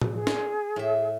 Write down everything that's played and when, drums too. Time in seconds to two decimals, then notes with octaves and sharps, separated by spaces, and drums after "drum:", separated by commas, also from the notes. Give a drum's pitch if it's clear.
0.01 G#4, drum: tom
0.14 G#4
0.27 drum: snare
0.76 A2 E5